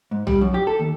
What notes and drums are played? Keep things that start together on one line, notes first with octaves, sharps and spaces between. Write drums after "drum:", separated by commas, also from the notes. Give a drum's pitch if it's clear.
G#2
G3, drum: tom
F#2
G4
A4
D#2